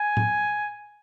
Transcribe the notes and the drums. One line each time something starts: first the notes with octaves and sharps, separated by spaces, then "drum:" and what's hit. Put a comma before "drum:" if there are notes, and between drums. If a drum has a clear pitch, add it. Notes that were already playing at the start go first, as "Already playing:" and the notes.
Already playing: G#5
drum: tom